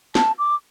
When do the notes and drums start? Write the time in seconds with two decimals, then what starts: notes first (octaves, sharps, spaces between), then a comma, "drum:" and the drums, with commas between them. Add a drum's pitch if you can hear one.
0.15 A5, drum: snare
0.39 D6